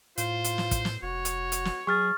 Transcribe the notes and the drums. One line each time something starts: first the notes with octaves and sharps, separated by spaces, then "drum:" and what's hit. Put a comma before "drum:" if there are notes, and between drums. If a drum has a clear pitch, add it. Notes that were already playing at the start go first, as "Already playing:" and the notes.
A2 F4 C5, drum: hi-hat
drum: hi-hat
drum: snare
drum: kick, hi-hat
drum: snare
F1 F#4 C#5
drum: hi-hat
drum: hi-hat
drum: snare
F#3 G#4 C#6 F6 A6